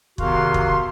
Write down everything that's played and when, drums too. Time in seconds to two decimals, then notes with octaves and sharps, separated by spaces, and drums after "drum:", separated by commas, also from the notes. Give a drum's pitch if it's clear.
0.18 E2 C3 D#3 F#4 F5 C6, drum: kick
0.54 drum: kick